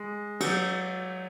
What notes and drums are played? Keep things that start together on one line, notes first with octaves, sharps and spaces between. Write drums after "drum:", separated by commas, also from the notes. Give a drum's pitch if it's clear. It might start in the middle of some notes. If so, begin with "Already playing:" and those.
Already playing: G#3
F#3, drum: cymbal